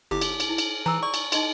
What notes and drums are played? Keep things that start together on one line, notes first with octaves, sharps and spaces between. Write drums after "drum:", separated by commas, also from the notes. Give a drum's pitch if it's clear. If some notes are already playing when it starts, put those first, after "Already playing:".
G1 E4 G4 D6
drum: cymbal
drum: cymbal
E4
drum: cymbal
E3 A#5 E6
D5 C#6
drum: cymbal
D#4 D#5 C6, drum: cymbal